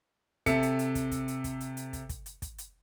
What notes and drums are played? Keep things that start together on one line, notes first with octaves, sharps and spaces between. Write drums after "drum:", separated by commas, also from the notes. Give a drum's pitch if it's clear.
C3 A4 E5 C#7, drum: kick, hi-hat
drum: hi-hat
drum: hi-hat
drum: kick, hi-hat
drum: kick, hi-hat
drum: hi-hat
drum: kick, hi-hat
drum: hi-hat
drum: hi-hat
drum: kick, hi-hat
drum: kick, hi-hat
drum: hi-hat
drum: kick, hi-hat
drum: hi-hat